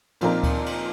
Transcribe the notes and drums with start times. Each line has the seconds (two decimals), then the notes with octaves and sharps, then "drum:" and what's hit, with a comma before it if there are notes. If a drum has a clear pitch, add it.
0.21 A#2 F3 C4 D#4 A#4, drum: cymbal
0.43 drum: kick D2, cymbal
0.66 drum: cymbal